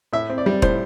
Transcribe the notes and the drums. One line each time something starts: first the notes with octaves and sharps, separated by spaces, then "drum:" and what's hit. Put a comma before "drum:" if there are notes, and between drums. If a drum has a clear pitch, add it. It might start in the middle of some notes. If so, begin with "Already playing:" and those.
A2 E5
C4
D5
G3
A2 C5, drum: kick E1